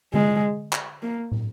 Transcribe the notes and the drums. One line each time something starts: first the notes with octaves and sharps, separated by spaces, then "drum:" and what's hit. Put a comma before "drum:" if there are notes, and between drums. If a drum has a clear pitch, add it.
G#3, drum: tom D3
drum: clap
A#3
drum: tom